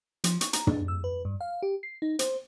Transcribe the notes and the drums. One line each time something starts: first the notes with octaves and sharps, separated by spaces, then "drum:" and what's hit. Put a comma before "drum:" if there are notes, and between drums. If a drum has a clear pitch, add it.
F3, drum: hi-hat
C#6, drum: hi-hat
A#5, drum: hi-hat
D4, drum: tom
E6
B4
G2
F5
G4
C7
D#4
C5, drum: hi-hat